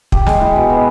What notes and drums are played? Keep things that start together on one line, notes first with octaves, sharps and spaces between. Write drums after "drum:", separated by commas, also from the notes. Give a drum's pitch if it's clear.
G4, drum: kick
G#3, drum: snare
E4
B2
B3